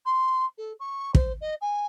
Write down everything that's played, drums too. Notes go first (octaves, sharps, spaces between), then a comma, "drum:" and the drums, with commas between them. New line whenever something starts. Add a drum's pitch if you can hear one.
C6
A4
C#6
C5, drum: kick
D#5
G#5